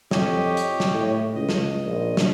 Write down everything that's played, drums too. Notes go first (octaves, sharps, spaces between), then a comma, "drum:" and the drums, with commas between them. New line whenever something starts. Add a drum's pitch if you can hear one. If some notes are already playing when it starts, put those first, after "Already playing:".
F2 G4 C#5 D#5, drum: snare
drum: hi-hat
drum: snare
A2
C#2 D#5
drum: snare
A#1
drum: snare